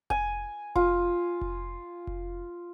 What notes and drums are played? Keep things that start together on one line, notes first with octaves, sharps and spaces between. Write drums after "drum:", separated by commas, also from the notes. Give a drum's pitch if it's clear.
G#5, drum: kick F1
F4, drum: kick F1
drum: kick F1
drum: kick F1